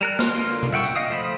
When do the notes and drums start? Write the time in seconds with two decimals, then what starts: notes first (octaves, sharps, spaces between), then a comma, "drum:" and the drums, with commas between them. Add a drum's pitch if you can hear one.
0.01 G3 A#4 F#6
0.19 C6 F6, drum: snare
0.35 D3 A#3 F4 C6
0.63 drum: tom B2
0.73 E5 F#5 G5 C#6 E6
0.84 drum: hi-hat
0.96 D#5 F5 D#6
1.10 F3 A3 C5 B5